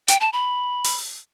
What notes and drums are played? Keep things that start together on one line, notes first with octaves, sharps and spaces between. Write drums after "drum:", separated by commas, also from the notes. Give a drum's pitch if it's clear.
G5, drum: hi-hat
A5
B5
drum: open hi-hat